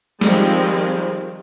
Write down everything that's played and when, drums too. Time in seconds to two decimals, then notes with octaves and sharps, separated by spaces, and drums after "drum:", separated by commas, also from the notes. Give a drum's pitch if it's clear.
0.21 D#3 F3 G3 G#3 C4, drum: snare